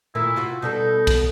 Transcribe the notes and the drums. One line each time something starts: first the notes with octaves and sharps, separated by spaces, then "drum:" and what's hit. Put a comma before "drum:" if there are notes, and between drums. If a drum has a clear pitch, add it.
A#2 D#3 A3 E4
C3 F4 F#4
B2 G3 D#4 A4
drum: kick B1, cymbal